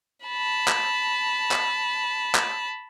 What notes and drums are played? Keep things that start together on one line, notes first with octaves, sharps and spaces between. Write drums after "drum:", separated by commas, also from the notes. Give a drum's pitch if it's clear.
A5 B5
drum: clap
drum: clap
drum: clap